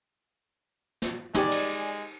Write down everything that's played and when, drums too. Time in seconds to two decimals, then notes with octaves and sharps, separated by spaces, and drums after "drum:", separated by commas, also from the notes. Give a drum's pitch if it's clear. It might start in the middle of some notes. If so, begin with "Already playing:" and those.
1.02 drum: snare
1.34 G#3 D#4 G4 D5 G#5, drum: snare
1.51 drum: cymbal